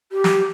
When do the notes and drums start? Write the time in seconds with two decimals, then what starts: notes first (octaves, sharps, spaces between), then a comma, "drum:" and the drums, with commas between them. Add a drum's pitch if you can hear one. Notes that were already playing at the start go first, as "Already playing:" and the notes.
0.12 G4
0.24 drum: snare